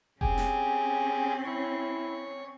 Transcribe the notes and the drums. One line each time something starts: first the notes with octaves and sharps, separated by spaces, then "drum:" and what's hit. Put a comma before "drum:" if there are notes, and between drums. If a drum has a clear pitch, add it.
C4 C#4 G4 G#4, drum: kick F1
drum: snare
E4 C#5